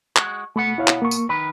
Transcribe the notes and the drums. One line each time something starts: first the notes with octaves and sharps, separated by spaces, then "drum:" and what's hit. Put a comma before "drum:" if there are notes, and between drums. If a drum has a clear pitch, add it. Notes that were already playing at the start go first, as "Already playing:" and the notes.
G#3 F#4, drum: clap
B2 A3 B3 F#5
E4 C#5 F5
drum: clap
A#3 C#6
drum: tambourine
D#3 B4 B5